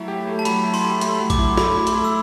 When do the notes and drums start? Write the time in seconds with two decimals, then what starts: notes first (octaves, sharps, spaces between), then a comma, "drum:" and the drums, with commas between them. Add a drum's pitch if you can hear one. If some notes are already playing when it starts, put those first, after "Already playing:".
Already playing: F#3 A3 E4
0.08 G4
0.27 A3
0.39 A5
0.45 F#3 B5, drum: hi-hat
0.64 E4
0.74 C6, drum: open hi-hat
0.84 G4
1.01 A3 C6, drum: hi-hat
1.20 F#3
1.30 D6, drum: kick, hi-hat
1.39 E4
1.58 A3 B5, drum: snare
1.77 E4
1.87 C6, drum: hi-hat
1.95 A3
2.04 E6